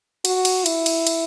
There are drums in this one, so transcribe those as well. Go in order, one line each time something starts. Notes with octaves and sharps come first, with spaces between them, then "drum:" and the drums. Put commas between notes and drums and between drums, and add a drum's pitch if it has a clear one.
F#4, drum: cymbal
drum: cymbal
E4, drum: cymbal
drum: cymbal
drum: cymbal